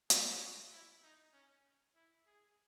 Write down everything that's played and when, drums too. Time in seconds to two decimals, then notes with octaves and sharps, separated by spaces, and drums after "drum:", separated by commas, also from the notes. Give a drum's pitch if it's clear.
0.10 G#4, drum: hi-hat
0.40 F#4
0.72 E4
1.03 D#4
1.33 C#4
1.95 E4
2.27 G#4